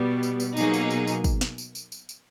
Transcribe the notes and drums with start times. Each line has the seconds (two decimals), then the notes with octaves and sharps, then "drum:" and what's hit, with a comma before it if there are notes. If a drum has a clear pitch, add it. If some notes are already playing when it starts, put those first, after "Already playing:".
Already playing: B2 G3 B3
0.23 drum: tambourine
0.40 drum: tambourine
0.57 B2 F#3 A#3 D#4 G#4, drum: tambourine
0.74 drum: tambourine
0.90 drum: tambourine
1.07 drum: tambourine
1.24 drum: kick, tambourine
1.41 drum: snare
1.58 drum: tambourine
1.75 drum: tambourine
1.92 drum: tambourine
2.09 drum: tambourine